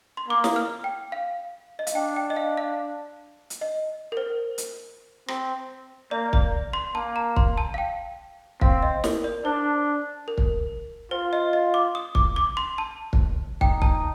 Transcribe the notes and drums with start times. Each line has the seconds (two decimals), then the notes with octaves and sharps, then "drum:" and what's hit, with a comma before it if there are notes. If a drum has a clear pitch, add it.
0.17 C6
0.28 A#3 D6
0.44 D#6, drum: snare
0.56 F6
0.84 G5
1.12 F5
1.79 D#5
1.87 F5, drum: hi-hat
1.95 D4 G5
2.16 G5
2.30 D#5
2.36 F5
2.57 F5
3.50 drum: hi-hat
3.61 D#5
4.12 A#4
4.17 C5
4.58 drum: hi-hat
5.28 C4, drum: rim click
6.11 A#3 D5
6.33 D5, drum: kick
6.73 C6
6.95 A#3 A5
7.16 A#5
7.36 C6, drum: kick
7.58 A5
7.74 F5
7.78 G5
8.61 C4 F5, drum: kick
8.83 D#5
9.04 A#4, drum: snare
9.24 D5
9.45 D4 C5
10.28 A#4
10.38 drum: kick
11.11 F4 C5
11.33 D#5
11.53 D#5
11.74 D6
11.95 D#6
12.15 D6, drum: kick
12.36 D6
12.57 C6
12.78 A5
13.13 drum: kick
13.61 D#4 G5, drum: kick
13.82 A5, drum: kick